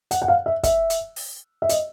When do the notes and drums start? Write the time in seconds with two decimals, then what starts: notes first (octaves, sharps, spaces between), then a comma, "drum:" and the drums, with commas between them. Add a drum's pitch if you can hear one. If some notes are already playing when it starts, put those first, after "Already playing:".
0.11 F#5, drum: hi-hat
0.22 F#5
0.28 F5
0.46 E5
0.64 E5, drum: kick, hi-hat
0.90 drum: hi-hat
1.16 drum: open hi-hat
1.62 E5
1.69 D#5, drum: hi-hat